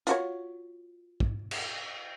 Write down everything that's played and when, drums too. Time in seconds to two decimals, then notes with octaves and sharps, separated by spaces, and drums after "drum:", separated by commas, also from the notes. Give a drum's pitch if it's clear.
0.07 F4 F#4 C#5, drum: hi-hat
1.20 drum: kick
1.51 drum: cymbal